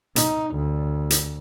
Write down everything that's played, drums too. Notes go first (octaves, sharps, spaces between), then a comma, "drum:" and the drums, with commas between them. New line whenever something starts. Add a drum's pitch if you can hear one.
D#4, drum: hi-hat
D2
drum: hi-hat